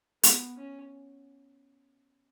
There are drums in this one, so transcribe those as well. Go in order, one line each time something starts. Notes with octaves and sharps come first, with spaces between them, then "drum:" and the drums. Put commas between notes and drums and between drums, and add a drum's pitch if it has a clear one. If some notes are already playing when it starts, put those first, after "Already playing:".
B3, drum: hi-hat
C#4